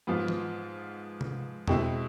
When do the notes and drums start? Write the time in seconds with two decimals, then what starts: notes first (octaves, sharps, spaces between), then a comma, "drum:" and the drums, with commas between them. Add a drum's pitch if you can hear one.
0.07 G#2 F3 B3 F4
0.28 drum: tom E3
1.21 drum: tom C3
1.68 B2 G#3 C4 E4, drum: tom E2